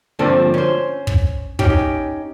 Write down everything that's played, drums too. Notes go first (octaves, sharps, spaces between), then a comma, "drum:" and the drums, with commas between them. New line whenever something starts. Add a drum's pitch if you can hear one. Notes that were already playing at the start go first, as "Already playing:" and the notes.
G2 D3 F3 A#3 C4 A4
C#4 C5
drum: kick
C#4 D#4 G4, drum: kick